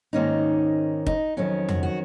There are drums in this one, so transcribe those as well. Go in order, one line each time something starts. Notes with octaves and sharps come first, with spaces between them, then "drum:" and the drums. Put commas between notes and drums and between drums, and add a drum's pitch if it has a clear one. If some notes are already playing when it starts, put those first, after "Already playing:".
G#2 D#3 A#3 C#4 D#4
D#4, drum: kick
F2 D#3 F#3 C#4
F#4, drum: tom F2
F#4